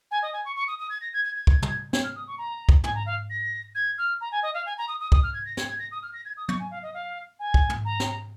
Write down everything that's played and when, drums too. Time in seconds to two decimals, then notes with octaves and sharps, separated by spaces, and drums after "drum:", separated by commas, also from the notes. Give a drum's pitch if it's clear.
0.11 G#5
0.22 D#5
0.33 G#5
0.45 C#6
0.56 C#6
0.68 D#6
0.79 D#6
0.90 G#6
1.01 A#6
1.13 G#6
1.25 G#6
1.36 G#6
1.47 drum: kick
1.62 drum: tom
1.93 G#6, drum: snare
2.04 F6
2.16 D#6
2.27 C#6
2.38 A#5
2.69 drum: kick
2.84 G#5, drum: tom
2.95 A#5
3.06 F5
3.30 A#6
3.75 G#6
3.98 F6
4.21 A#5
4.32 G#5
4.43 D#5
4.54 F5
4.66 G#5
4.78 A#5
4.88 D#6
5.00 D#6
5.12 D#6, drum: kick
5.23 F6
5.34 G#6
5.45 A#6
5.57 G#6, drum: snare
5.68 G#6
5.79 A#6
5.92 D#6
6.03 F6
6.13 A#6
6.25 G#6
6.37 D#6
6.49 C#6, drum: tom
6.60 G#5
6.71 F5
6.83 D#5
6.94 F5
7.39 G#5
7.54 drum: kick
7.69 drum: tom
7.85 A#5
8.00 drum: snare